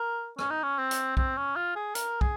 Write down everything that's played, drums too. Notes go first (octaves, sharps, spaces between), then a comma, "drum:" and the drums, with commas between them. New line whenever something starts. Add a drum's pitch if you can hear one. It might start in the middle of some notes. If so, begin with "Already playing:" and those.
Already playing: A#4
C#4, drum: rim click
D#4
C#4
C4
drum: hi-hat
C4, drum: kick
C#4
F4
G#4
A#4, drum: hi-hat
G#4, drum: kick